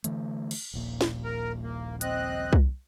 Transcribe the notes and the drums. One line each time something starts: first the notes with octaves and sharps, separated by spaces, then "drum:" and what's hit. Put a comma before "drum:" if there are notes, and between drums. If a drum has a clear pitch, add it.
D3 E3 A3, drum: hi-hat
drum: cymbal
D#1 A#1 A#2
drum: snare
A#4
A#3
C4 D#5 F#6, drum: hi-hat
drum: kick C2